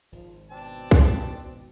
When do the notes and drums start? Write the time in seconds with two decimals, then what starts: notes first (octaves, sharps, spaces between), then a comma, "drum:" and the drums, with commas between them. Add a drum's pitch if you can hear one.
0.12 G#1 F3
0.51 B2 C4 D4 A5
0.91 drum: kick